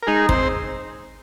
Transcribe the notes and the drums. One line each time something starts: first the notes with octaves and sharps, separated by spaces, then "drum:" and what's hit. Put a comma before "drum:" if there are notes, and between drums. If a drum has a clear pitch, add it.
A#4
G#3 D#4 G#4
C4 C5, drum: kick